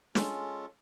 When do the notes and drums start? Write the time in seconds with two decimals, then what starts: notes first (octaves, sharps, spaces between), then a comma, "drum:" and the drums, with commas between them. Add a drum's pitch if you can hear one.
0.15 G#3 C#4 F4 A4, drum: snare